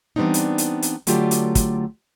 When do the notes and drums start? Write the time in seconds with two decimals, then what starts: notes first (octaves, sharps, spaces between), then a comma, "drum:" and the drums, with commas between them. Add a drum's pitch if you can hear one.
0.16 E3 G3 B3 C4 D4 D#4
0.34 drum: hi-hat
0.58 drum: hi-hat
0.82 drum: hi-hat
1.07 D3 F#3 A3 F4 G4 D5, drum: hi-hat
1.31 drum: hi-hat
1.55 drum: kick, hi-hat